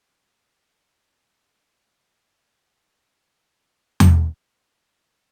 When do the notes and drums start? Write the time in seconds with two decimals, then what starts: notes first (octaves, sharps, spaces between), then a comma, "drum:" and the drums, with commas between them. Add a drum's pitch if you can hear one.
0.24 A3
2.13 A3
3.07 B3
3.37 C#4
4.00 drum: tom E2